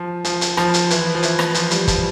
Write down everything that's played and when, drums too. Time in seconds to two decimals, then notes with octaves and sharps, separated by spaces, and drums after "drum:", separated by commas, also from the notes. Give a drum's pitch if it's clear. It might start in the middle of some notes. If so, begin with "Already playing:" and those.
Already playing: F3
0.25 F3, drum: hi-hat
0.41 drum: hi-hat
0.57 F3, drum: rim click
0.74 drum: hi-hat
0.90 E3, drum: hi-hat
1.15 F3
1.23 E3, drum: hi-hat
1.39 drum: rim click
1.54 F3, drum: hi-hat
1.71 G3, drum: hi-hat
1.88 F3, drum: kick, hi-hat